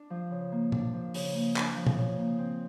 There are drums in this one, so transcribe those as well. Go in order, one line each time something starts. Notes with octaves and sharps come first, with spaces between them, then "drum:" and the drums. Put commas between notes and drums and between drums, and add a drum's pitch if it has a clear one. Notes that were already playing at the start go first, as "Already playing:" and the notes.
Already playing: D4
F3
C#3
A#3
D4, drum: tom
F3
C#3, drum: open hi-hat
A#3
D4, drum: clap
F3
drum: tom
C#3
A#3
C4